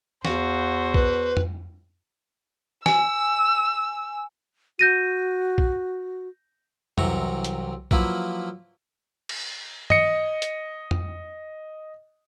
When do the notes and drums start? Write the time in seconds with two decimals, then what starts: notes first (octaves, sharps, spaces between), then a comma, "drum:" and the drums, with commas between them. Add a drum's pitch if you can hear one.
0.25 E2 F#4 C5 F5, drum: snare
0.94 B4, drum: kick B1
1.37 drum: tom F2
2.86 G#5 E6, drum: snare
4.79 F#4 G6 A#6 D#7
5.58 drum: kick B1
6.98 C2 C3 E3 F#3 A#5 C#6, drum: tom F2
7.44 drum: hi-hat
7.91 F3 F#3 A#3 E4 B4, drum: kick B1
9.29 drum: cymbal
9.90 D#5 C#7, drum: tom
10.42 drum: hi-hat
10.91 drum: tom F2